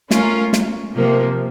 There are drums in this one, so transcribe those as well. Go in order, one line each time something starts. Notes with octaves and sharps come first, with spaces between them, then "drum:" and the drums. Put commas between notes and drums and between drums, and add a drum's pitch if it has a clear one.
A3 C#4 F4 A#4, drum: snare
drum: snare
C3 F3 A#3